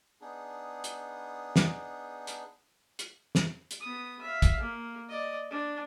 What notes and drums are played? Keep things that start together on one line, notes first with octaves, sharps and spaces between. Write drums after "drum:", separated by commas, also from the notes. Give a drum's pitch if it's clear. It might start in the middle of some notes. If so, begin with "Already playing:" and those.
B3 D4 D#4 G#4
drum: hi-hat
drum: snare
drum: hi-hat
drum: hi-hat
drum: snare
drum: hi-hat
B3 D#6
E5 F5
drum: kick, hi-hat
A#3
D5 D#5
D4